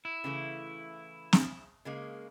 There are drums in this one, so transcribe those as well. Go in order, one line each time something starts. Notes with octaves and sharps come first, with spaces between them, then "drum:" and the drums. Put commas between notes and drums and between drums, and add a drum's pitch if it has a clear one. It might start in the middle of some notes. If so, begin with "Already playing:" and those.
E4
C#3 E3 A3
drum: snare
C#3 G#3 A#3